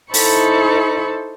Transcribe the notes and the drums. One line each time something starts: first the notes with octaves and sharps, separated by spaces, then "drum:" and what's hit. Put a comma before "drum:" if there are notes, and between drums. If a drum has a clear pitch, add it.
D#4 E4 A4 C5 B5 C#6, drum: open hi-hat